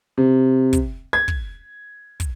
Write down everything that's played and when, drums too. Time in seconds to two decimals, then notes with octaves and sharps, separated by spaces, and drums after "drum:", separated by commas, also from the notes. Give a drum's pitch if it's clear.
0.18 C3
0.73 drum: kick, hi-hat
1.13 G#6
1.28 drum: kick
2.20 drum: kick, hi-hat